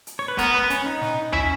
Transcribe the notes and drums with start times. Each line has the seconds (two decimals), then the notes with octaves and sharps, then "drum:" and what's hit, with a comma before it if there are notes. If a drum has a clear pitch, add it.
0.07 drum: hi-hat
0.19 C#5
0.28 B4
0.38 B3 A#4, drum: kick, hi-hat
0.55 B4
0.70 C#4, drum: hi-hat
0.86 D#4
1.02 drum: snare
1.33 C#4 E4, drum: tom D#2